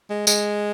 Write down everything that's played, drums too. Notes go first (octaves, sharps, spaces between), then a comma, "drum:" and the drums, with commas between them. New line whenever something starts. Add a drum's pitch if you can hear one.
G#3
G#3, drum: tambourine